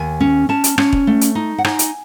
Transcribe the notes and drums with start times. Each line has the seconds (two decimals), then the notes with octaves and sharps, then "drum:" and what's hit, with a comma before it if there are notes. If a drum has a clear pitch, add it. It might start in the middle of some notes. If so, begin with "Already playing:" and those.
Already playing: D#2 G#5
0.21 C#4
0.49 C#4 A5
0.64 drum: hi-hat
0.78 C#4, drum: rim click
0.93 drum: kick E1
1.07 A3
1.21 drum: hi-hat
1.35 D#4
1.58 F#5
1.65 D#4 G#5, drum: rim click
1.79 drum: hi-hat